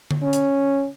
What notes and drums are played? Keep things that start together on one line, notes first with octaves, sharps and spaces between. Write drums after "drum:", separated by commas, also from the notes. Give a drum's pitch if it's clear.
drum: tom D3
C#4
drum: hi-hat